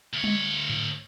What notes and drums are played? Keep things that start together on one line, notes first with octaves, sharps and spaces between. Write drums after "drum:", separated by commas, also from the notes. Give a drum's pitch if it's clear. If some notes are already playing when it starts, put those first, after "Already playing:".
D2 C#5
drum: tom G3
drum: tom G#2